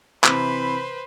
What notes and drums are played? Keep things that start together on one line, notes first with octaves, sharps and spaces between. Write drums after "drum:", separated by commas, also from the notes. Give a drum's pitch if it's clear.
C3 E3 B4 C5 B5, drum: clap